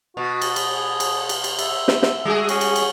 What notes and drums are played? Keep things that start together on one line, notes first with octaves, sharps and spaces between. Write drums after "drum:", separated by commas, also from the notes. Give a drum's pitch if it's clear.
B2 F#4
drum: cymbal
drum: cymbal
G#4
drum: cymbal
drum: cymbal
drum: cymbal
E5, drum: cymbal
drum: snare
drum: snare
G3 F#4 G#4
C#4, drum: cymbal
drum: cymbal
drum: cymbal